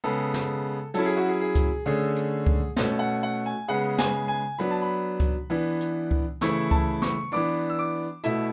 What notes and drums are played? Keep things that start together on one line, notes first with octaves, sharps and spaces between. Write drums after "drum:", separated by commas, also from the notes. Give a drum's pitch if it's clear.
C#3 G#3 B3 A4
drum: snare
F#3 C#4 E4 A4, drum: hi-hat
G#4
F#4
G#4
G#4
drum: kick C#2, hi-hat
D3 A3 C#4 G#4
drum: hi-hat
drum: kick C#2
B2 A3 C#4, drum: snare
F#5
F#5
G#5
C#3 G#3 B3 F#5
G#5, drum: snare
G#5
F#3 B3 D4 B5, drum: hi-hat
A5
B5
drum: kick C#2, hi-hat
E3 B3 D4
drum: hi-hat
drum: kick C#2
C#3 E3 A3 E4 C#6, drum: snare
A5, drum: kick C#2
C#6, drum: snare
E3 B3 D4 D6
E6
D6
B2 A3 E4 E5, drum: hi-hat